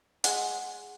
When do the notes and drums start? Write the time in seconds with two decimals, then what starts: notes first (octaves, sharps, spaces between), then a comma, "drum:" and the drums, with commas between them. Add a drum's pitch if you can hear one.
0.24 G#3 F#5 C6, drum: hi-hat